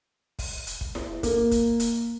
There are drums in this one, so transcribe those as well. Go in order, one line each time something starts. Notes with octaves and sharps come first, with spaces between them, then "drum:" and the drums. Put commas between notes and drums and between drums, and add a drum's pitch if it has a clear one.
drum: kick, open hi-hat
drum: hi-hat
drum: kick
drum: snare E4
A#3, drum: kick, hi-hat
drum: kick, hi-hat
drum: hi-hat